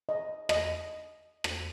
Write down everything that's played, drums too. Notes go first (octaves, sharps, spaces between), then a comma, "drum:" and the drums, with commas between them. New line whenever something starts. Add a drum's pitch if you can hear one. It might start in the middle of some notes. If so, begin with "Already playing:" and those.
D#5
D#5, drum: rim click
drum: rim click